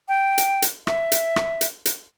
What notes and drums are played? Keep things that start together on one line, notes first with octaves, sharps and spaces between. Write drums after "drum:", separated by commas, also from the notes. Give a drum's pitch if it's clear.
G5
drum: hi-hat
drum: hi-hat
E5, drum: rim click
drum: hi-hat
drum: rim click
drum: hi-hat
drum: hi-hat